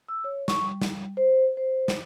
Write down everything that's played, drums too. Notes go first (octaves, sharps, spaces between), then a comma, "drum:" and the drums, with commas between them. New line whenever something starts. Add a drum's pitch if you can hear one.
E6
C#5
C#6, drum: snare
G3
drum: snare
C5
C5
drum: snare